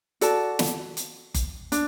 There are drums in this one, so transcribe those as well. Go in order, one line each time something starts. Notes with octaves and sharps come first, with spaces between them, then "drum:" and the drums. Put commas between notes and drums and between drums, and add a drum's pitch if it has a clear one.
F#4 A4 D5 A5, drum: hi-hat
drum: snare
drum: hi-hat
drum: kick F#1, hi-hat
D4, drum: hi-hat